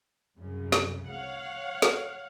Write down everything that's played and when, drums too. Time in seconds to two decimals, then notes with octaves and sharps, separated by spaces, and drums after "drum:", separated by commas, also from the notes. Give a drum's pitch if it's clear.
0.38 C2 F#2 C#3
0.72 drum: snare
1.09 C#5 F5 F#5
1.82 drum: snare